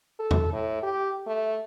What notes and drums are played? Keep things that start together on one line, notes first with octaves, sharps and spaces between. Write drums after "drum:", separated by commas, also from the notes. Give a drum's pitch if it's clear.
A4
drum: tom E2
A2
G4
A3